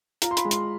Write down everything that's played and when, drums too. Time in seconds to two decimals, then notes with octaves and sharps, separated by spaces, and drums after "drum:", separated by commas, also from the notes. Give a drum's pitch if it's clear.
0.22 F4 A#5, drum: hi-hat
0.31 C6
0.37 B5, drum: hi-hat
0.45 G#3
0.51 C6, drum: hi-hat